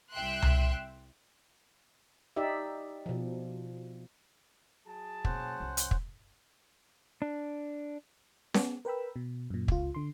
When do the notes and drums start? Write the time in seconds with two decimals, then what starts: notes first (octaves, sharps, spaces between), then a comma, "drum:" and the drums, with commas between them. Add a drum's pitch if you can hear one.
0.13 C2 E5 G5 C6 F#6
0.42 drum: tom C2
2.36 D#4 G4 D5 E5
3.06 B2 F3
4.87 F#3 G#4 A5
5.25 B2 A#3 C#4 C5 F#5, drum: kick
5.60 C2 F2
5.77 drum: hi-hat
5.91 drum: kick
7.22 D4
8.54 B3, drum: snare C#4
8.85 A#4 B4 G5 B5 E6
9.16 B2
9.50 F#2 A#2
9.68 C#2 F4, drum: kick
9.95 D3 C6